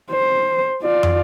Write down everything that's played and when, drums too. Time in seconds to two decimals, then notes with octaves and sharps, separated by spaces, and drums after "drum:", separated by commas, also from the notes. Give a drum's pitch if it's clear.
0.12 C5
0.83 F4 D5
1.03 drum: tom